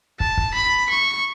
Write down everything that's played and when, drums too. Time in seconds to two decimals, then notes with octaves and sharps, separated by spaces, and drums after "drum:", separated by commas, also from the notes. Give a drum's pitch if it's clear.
0.20 A5, drum: kick
0.37 drum: kick
0.55 B5
0.90 C#6